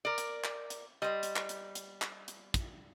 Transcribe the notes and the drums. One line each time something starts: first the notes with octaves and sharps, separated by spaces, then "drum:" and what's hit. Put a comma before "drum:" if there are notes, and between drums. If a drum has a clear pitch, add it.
A#4 D5
drum: hi-hat
drum: clap
drum: hi-hat
G3 C5 D#5
drum: hi-hat
drum: clap
drum: hi-hat
drum: hi-hat
drum: clap
drum: hi-hat
drum: kick, hi-hat